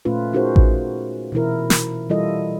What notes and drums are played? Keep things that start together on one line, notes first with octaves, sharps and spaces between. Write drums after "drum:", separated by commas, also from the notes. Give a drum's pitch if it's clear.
A#2 A3 C#4 F4 B4
C#4 D#4 F#4 G#4 A#4 C5
drum: kick A1
B2 E3 E4 A#4
drum: snare
E3 G3 E4 F4 A4 D#5